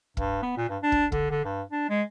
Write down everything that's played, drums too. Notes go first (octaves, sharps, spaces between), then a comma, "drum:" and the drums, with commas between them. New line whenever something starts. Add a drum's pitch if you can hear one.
G2, drum: kick
B3
A#2
G2
D4
drum: kick
D3, drum: kick
D3
G2
D4
G#3